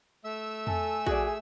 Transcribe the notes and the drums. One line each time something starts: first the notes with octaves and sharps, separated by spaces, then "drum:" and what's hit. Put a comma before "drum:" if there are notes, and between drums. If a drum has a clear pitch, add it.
A3 E5 E6
A4 G#5, drum: tom E2
F#4 G#4 D5, drum: kick A#1